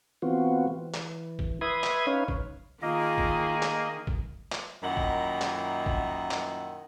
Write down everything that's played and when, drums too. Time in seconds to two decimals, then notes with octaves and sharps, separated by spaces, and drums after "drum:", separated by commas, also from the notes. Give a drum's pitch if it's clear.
0.22 E3 B3 C4 F4 F#4
0.68 E3
0.94 drum: clap
1.39 drum: kick G#1
1.61 B4 E5 B5 C6 D#6 G#6
1.84 drum: clap
2.07 C#4 D#4 B4 C#5 F5
2.28 drum: kick G#1
2.82 D#3 A#3 F4 G#4 D#5
3.18 drum: kick G#1
3.63 drum: clap
4.07 drum: kick G#1
4.52 drum: clap
4.82 F#2 A#2 D#3 E4 D#5 F#5
4.97 drum: kick G#1
5.42 drum: clap
5.86 drum: kick G#1
6.31 drum: clap